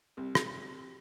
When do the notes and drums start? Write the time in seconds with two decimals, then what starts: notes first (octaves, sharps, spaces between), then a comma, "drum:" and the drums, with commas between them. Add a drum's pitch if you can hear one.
0.17 C2
0.35 drum: rim click